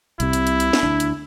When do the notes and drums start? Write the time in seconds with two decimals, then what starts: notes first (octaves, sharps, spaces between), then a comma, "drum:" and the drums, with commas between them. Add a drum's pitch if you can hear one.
0.20 C2 C3 E4, drum: hi-hat
0.33 drum: hi-hat
0.47 drum: hi-hat
0.60 drum: hi-hat
0.73 drum: snare
0.83 D2 D4
1.00 drum: hi-hat